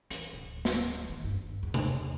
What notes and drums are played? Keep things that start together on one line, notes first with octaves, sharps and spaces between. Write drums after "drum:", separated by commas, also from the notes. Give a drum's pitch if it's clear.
E3, drum: hi-hat
D1
drum: snare
D#3
G2
E2
drum: tom C3